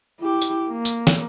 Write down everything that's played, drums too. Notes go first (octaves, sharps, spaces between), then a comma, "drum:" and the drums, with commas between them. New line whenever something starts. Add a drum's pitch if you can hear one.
E4 G4
drum: tambourine
A#3
drum: tambourine
drum: snare